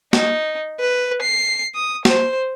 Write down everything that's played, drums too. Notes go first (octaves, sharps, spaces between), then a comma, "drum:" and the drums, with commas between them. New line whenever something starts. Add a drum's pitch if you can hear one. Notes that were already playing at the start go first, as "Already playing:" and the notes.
D#4, drum: snare
B4
C7
D#6
C5, drum: snare